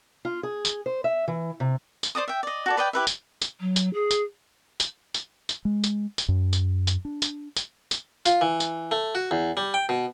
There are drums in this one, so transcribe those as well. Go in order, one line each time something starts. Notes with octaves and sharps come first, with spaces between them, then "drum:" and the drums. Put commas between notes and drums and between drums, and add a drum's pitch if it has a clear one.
F4
G#4
drum: tambourine
C5
E5
E3
C3
drum: tambourine
C5 D5 D#5 D#6
E5 G5
D5 D#5
F#4 A4 D5
B4 D5 D#5 G5
E4 G4 B4 E5
drum: tambourine
drum: tambourine
F#3
drum: tambourine
G#4
drum: tambourine
drum: tambourine
drum: tambourine
drum: tambourine
G#3
drum: tambourine
drum: tambourine
F#2
drum: tambourine
drum: tambourine
D4
drum: tambourine
drum: tambourine
drum: tambourine
F4, drum: tambourine
E3
drum: tambourine
A3
F#4
E2
G3
G5
B2